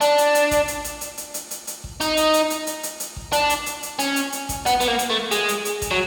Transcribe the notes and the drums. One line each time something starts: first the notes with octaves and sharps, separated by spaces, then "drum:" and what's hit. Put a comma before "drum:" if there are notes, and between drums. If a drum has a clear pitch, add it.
D4, drum: hi-hat
drum: hi-hat
drum: hi-hat
drum: kick A1, hi-hat
drum: hi-hat
drum: hi-hat
drum: hi-hat
drum: hi-hat
drum: hi-hat
drum: hi-hat
drum: hi-hat
drum: kick A1
D#4, drum: hi-hat
drum: hi-hat
drum: hi-hat
drum: hi-hat
drum: hi-hat
drum: hi-hat
drum: hi-hat
drum: kick A1
D4, drum: hi-hat
drum: hi-hat
drum: hi-hat
drum: hi-hat
C#4, drum: hi-hat
drum: hi-hat
drum: hi-hat
drum: kick A1, hi-hat
B3, drum: hi-hat
B3, drum: hi-hat
A#3
drum: hi-hat
A3
G#3, drum: hi-hat
drum: hi-hat
drum: hi-hat
drum: kick A1, hi-hat
F#3